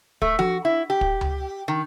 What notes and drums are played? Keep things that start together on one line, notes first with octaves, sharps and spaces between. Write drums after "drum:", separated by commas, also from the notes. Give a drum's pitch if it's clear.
A3, drum: kick
F#4, drum: tom F3
E4
G4
drum: kick
drum: tom C#2
D#3